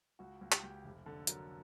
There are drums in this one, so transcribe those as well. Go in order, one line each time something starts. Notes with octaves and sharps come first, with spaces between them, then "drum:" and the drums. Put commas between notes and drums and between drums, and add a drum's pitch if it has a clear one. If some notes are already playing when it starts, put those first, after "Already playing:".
C#2 F#4
C#2
G4, drum: clap
C#2
F1
D3 A4
F#3 A#4, drum: hi-hat